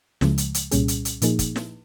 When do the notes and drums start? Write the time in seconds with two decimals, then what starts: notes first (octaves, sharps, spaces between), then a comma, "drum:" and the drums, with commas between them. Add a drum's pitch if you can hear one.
0.21 C#2 C#3 F3 G#3, drum: snare
0.38 drum: hi-hat
0.54 drum: hi-hat
0.71 C2 A#2 G3 C#4 G#4, drum: hi-hat
0.88 drum: hi-hat
1.05 drum: hi-hat
1.22 A#2 F3 A#3 D#4 G#4, drum: hi-hat
1.39 drum: kick, hi-hat
1.56 drum: snare